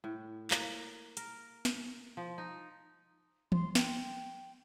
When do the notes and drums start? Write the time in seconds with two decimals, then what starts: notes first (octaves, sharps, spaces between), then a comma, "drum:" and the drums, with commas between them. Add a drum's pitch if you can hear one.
0.04 A2
0.51 A#3, drum: clap
1.17 A#4, drum: hi-hat
1.65 drum: snare
2.17 F3
2.38 D#4
3.52 C6, drum: tom
3.75 G5, drum: snare